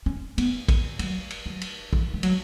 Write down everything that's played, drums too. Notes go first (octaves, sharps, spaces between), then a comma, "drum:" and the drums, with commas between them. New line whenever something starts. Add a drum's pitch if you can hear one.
C#4
B3, drum: cymbal
drum: kick, cymbal
F#3, drum: cymbal
drum: cymbal
F#3
drum: cymbal
E3, drum: kick
G#3
F#3, drum: cymbal